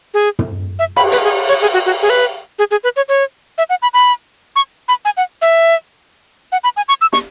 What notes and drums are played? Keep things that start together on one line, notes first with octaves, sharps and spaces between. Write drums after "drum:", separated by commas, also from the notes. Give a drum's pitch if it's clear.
G#4
drum: tom
E5
B5, drum: cymbal
B4, drum: hi-hat
G#4
C#5
G#4
F#4
F#4
G#4
B4
G#4
G#4
B4
C#5
C#5
E5
F#5
B5
B5
C#6
B5
G#5
F#5
E5
F#5
B5
G#5
C#6
E6
C#6, drum: snare